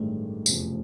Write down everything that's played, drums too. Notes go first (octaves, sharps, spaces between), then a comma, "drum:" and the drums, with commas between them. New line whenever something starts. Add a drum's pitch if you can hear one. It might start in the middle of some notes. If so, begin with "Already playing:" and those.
Already playing: A1 G2 D#3 G#3 A3
F1 E2 C#3 F3, drum: tambourine